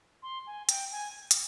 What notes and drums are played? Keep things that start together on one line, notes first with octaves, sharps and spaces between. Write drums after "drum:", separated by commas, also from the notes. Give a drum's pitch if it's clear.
C6
G#5
G5, drum: hi-hat
G#5
drum: hi-hat